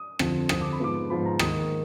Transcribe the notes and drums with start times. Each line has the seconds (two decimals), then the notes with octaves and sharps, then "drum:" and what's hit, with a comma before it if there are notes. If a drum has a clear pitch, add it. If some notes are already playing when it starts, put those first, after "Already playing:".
Already playing: D#6
0.19 F2 D3 F3, drum: rim click
0.49 F2 D3 F3 D#6, drum: rim click
0.61 D6
0.73 B5
0.80 G#2 F3 B3 D6
1.10 G#2 F3 B3 B5
1.25 A#5
1.39 G#2 D#3 A#3 D#6, drum: rim click